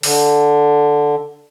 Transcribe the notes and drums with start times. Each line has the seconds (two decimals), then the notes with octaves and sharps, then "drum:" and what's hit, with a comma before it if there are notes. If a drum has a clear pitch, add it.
0.03 D3, drum: open hi-hat